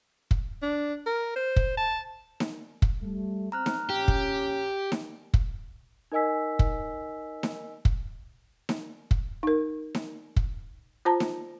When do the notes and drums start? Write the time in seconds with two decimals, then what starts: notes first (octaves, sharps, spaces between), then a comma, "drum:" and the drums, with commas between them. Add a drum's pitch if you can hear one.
0.31 drum: kick
0.62 D4
1.06 A#4
1.36 C5
1.56 drum: kick
1.77 A5
2.40 drum: snare D#4
2.82 drum: kick
3.02 G3 A3
3.52 C4 A#5 F6 F#6
3.66 drum: snare D#4
3.90 A#1 C#4 G4
4.08 drum: kick
4.92 drum: snare D#4
5.34 drum: kick
6.12 D#4 A#4 D#5 G#5 E6 B6
6.59 drum: kick
7.43 drum: snare D#4
7.85 drum: kick
8.69 drum: snare D#4
9.11 drum: kick
9.43 D#4 A#4
9.95 drum: snare D#4
10.36 drum: kick
11.05 F4 C5 A5 A#5
11.20 drum: snare D#4